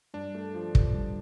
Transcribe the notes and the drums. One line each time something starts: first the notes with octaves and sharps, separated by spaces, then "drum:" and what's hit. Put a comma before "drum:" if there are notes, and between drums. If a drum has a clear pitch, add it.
G2 D4
A3
F3
G2, drum: kick
G2